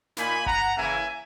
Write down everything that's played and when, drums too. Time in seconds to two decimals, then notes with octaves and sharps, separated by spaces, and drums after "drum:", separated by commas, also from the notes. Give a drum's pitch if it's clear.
0.17 A#2 A#3 D#4 G#5 B5, drum: snare
0.46 F#5 A#5, drum: kick G1
0.76 C#3 E3 A#3 E4 E5 G#5